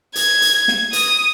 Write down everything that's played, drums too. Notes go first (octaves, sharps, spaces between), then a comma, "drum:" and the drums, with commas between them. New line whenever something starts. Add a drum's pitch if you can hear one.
G#6, drum: hi-hat
drum: hi-hat
drum: snare
D#6, drum: hi-hat